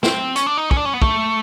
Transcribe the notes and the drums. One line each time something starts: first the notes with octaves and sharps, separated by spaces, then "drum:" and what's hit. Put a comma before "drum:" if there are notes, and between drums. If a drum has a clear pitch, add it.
C4, drum: snare
C#4, drum: hi-hat
D4
D#4
C#4, drum: kick
D4
C#4
B3
A3, drum: kick